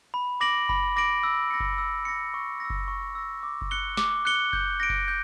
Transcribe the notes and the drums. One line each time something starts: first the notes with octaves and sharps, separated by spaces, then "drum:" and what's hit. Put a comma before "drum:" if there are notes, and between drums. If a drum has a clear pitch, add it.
B5
D6 A#6 D7 F#7
B5, drum: kick F#1
D6 A#6 D7 F#7
E6
A#6 C#7
drum: kick F#1
E6
A#6 C#7
C#6
E6 A#6
drum: kick F#1
C#6
E6 A#6
D6
drum: kick F#1
F#6 C#7 G7
D6, drum: snare
F#6 C#7 G7
G6, drum: kick F#1
A#6 D7
drum: kick F#1
G6